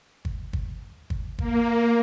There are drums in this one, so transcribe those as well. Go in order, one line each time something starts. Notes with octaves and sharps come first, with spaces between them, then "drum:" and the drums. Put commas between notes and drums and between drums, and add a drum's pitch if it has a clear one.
drum: kick
drum: kick
drum: kick
A#3, drum: kick